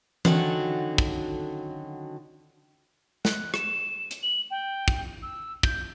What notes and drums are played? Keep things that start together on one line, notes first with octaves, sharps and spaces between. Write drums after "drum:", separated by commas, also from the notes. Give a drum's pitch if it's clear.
D3 D#3 F#3 C#4 F#4 A4, drum: tom E3
drum: kick
F#6, drum: snare
E7, drum: rim click
drum: hi-hat
F#7
G5
drum: kick
E6
G6, drum: kick